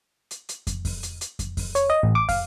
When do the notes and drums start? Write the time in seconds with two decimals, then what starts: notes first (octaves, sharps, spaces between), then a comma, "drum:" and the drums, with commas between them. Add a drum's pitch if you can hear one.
0.31 drum: hi-hat
0.49 drum: hi-hat
0.67 drum: kick, hi-hat
0.85 drum: kick, open hi-hat
1.03 drum: hi-hat
1.21 drum: hi-hat
1.39 drum: kick, hi-hat
1.57 drum: kick, open hi-hat
1.75 C#5, drum: hi-hat
1.90 D#5
2.03 A1
2.15 D6
2.29 F5, drum: kick, open hi-hat